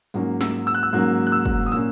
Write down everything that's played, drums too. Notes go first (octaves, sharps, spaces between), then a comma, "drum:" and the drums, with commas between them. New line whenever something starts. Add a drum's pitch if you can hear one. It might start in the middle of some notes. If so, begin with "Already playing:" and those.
G#2 F#3 A#3 C#4, drum: tambourine
E6, drum: snare
E6, drum: tambourine
F#6
E6
G#2 F#3 A#3 C#4 F#6
F#6
E6
drum: kick
D#6
A#2 A#3 C#4 E6, drum: tambourine